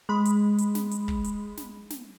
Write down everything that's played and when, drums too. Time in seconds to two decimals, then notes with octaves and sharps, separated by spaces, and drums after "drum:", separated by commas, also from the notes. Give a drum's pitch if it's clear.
0.09 G#3 B5
0.25 drum: hi-hat
0.58 drum: hi-hat
0.75 drum: snare
0.91 drum: hi-hat
1.08 drum: kick
1.24 drum: hi-hat
1.57 drum: snare
1.90 drum: snare